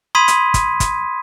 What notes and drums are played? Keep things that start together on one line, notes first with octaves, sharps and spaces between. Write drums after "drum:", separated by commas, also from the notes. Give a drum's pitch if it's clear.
B5 C6 D#6 G#6 B6 D#7
drum: hi-hat
drum: kick, hi-hat
drum: kick, hi-hat